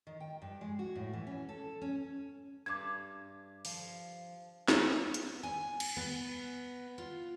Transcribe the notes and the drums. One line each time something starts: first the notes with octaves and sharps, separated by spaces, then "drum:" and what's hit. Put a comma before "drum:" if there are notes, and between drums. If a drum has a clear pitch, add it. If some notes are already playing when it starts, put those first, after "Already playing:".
D#3
G5
G2
G#3
F#4
A2
E3
C#4
A4
C#4
G2 A5 D6 G#6
F3, drum: open hi-hat
B3, drum: snare
drum: hi-hat
G#5
drum: cymbal
B3
F4